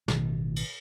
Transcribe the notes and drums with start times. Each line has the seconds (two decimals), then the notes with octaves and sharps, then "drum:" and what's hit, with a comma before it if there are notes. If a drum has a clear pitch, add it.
0.08 A1 B2 D#3, drum: snare
0.56 drum: cymbal